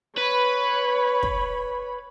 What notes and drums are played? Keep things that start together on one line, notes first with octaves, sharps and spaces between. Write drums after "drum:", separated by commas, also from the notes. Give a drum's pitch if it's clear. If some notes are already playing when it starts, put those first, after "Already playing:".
B4 C#5 B5
drum: kick